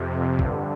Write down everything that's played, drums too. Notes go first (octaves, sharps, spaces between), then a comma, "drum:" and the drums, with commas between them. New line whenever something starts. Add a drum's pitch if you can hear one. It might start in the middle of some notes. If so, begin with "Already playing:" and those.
Already playing: F2 C3
G2 D3, drum: kick